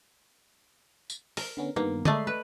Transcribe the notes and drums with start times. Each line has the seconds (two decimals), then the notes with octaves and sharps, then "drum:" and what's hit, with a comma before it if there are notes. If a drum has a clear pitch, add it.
1.10 drum: tambourine
1.37 A#4, drum: open hi-hat
1.57 D3 B3 C#4
1.76 G2 D#3 A#3 B3
2.05 G#3 A3 D5 D#5 B5 C7, drum: tom D3
2.27 B4